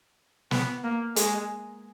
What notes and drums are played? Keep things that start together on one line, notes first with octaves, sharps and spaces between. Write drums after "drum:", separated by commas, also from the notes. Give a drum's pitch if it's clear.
B3, drum: snare
A#3
G#3, drum: hi-hat